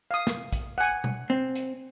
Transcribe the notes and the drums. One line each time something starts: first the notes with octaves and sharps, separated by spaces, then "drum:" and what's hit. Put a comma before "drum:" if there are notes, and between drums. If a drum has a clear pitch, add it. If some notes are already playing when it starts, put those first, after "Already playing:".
F5 D#6
drum: snare
drum: kick, hi-hat
F#5 G#5
drum: tom B2
C4
drum: hi-hat